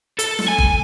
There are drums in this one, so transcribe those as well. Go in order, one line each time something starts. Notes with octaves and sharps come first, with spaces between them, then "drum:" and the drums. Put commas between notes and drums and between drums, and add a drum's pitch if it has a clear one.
A4, drum: hi-hat
drum: snare
G#5
drum: kick F#1